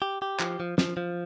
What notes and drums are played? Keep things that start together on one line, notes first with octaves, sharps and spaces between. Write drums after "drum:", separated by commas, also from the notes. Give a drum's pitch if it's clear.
G4
G4
F3, drum: clap
F3
F3, drum: snare
F3